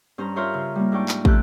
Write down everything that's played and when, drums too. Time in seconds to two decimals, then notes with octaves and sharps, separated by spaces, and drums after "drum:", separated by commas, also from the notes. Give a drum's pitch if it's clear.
0.18 G2 C#4 C5 A#5
0.36 F4 A#4 C5 C#5 E5
0.54 C#3
0.75 G3 A#3
0.92 G#2 D4 D5 G5 C#6
1.09 drum: clap
1.25 C3 A3 G4 A4 F#6, drum: kick